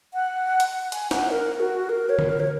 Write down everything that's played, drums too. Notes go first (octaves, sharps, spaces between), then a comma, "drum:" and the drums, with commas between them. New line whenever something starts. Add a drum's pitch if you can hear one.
F#5
drum: hi-hat
G#5, drum: hi-hat
F#5, drum: snare
A#4
F#4
A#4
C#5
drum: tom D3
A#4
C#5